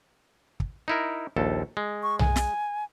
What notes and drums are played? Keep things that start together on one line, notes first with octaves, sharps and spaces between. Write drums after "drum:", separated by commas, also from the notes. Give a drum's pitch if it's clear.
drum: kick
D#4 E4 A#4
A#1 D#2 A4
G#3
C#6
G#5, drum: tom B1
drum: snare